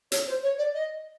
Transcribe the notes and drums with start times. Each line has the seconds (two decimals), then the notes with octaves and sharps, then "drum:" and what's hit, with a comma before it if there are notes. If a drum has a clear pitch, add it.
0.12 C#5, drum: hi-hat
0.27 C5
0.43 C#5
0.58 D5
0.74 D#5